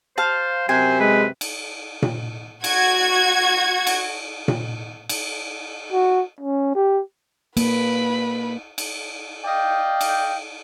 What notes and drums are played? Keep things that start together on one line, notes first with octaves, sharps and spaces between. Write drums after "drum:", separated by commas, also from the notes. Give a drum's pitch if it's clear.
C5 F5 A5
F#2 C3 C5 G#5
G#3 B4
drum: cymbal
drum: tom A#2
F#4 G#6, drum: cymbal
drum: cymbal
drum: tom A#2
drum: cymbal
F#4
C#4
G4
A#3 B4 B5, drum: cymbal
drum: cymbal
D5 D#5 F5 G5
drum: cymbal